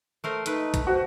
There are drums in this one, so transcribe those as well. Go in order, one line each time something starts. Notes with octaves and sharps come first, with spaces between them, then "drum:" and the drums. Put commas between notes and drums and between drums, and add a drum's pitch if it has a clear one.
A3 A#4 C5
A3 D#4 B4, drum: hi-hat
drum: kick A#1, hi-hat
F#4 C5